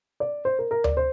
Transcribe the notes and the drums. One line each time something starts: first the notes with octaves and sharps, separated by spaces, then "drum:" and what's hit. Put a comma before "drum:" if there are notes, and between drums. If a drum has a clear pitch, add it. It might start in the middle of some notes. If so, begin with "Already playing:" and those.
D5
C5
A#4
A#4
D5, drum: tom D2
C5